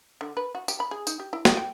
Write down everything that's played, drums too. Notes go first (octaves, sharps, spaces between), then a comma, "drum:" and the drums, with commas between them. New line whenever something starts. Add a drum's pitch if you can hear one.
D3
B4
F#4
G4, drum: tambourine
B5
G#4
D#4, drum: tambourine
G4
E4
drum: snare
G5